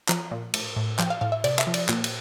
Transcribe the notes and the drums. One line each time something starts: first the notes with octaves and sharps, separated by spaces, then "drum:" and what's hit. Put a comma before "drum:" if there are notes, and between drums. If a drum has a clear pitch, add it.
F3 A#5, drum: clap
A#2
A2, drum: cymbal
A2
F3 G5, drum: clap
F5
A2 F5
E5
C3 D5, drum: cymbal
E5, drum: clap
F3
D5, drum: cymbal
A#2, drum: clap
drum: cymbal